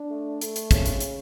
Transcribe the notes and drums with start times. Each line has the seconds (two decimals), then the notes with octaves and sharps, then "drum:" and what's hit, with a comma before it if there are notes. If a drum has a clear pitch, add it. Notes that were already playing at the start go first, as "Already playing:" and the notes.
Already playing: D4
0.10 A3
0.41 A3, drum: hi-hat
0.56 drum: hi-hat
0.71 C#3, drum: kick, hi-hat
0.86 drum: hi-hat
1.01 drum: hi-hat